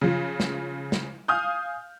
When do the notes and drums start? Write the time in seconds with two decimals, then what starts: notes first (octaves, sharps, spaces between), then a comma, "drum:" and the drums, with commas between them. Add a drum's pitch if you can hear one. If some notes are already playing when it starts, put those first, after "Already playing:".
0.01 C#3 F3
0.40 drum: snare
0.92 drum: snare
1.28 F5 G#5 D#6 F6 G6